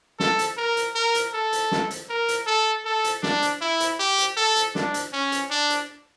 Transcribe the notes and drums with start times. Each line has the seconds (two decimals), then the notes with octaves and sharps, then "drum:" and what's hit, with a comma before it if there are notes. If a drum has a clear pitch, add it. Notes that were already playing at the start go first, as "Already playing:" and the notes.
0.20 A4, drum: snare
0.39 drum: hi-hat
0.57 A#4
0.77 drum: hi-hat
0.96 A#4
1.15 drum: hi-hat
1.34 A4
1.53 drum: hi-hat
1.72 drum: snare
1.91 drum: hi-hat
2.10 A#4
2.28 drum: hi-hat
2.47 A4
2.85 A4
3.04 drum: hi-hat
3.23 D4, drum: snare
3.42 drum: hi-hat
3.61 E4
3.80 drum: hi-hat
3.99 G4
4.18 drum: hi-hat
4.37 A4
4.56 drum: hi-hat
4.75 D4, drum: snare
4.94 drum: hi-hat
5.13 C#4
5.32 drum: hi-hat
5.50 D4
5.70 drum: hi-hat